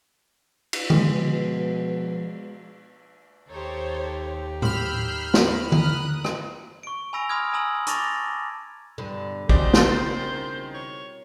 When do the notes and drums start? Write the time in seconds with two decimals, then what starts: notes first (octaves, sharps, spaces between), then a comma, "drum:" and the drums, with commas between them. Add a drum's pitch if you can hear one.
0.73 drum: cymbal
0.90 B2 F3 G#3, drum: tom D3
3.50 D#2 D#4 G4 A4 C5 C#5
4.62 B5 E6 F6 G6 C7, drum: tom A2
5.34 drum: snare
5.72 A#4 D#6 F#6, drum: tom D3
6.24 drum: rim click
6.83 C#6 D7
7.13 G#5 B5 E6 A#6 D7 F7
7.29 B5 C6 D#6 F6 G#6
7.53 G#5 A#5 D#6 E6 F#7
7.87 A5 C#6 D6 A6 A#6 F7, drum: hi-hat
8.98 G2 B2 D3 G3
9.49 C#3 F#4 G4 C5 D5 D#5, drum: kick B1
9.73 D#3 C4 E4 A#4 A6, drum: snare
10.74 C#5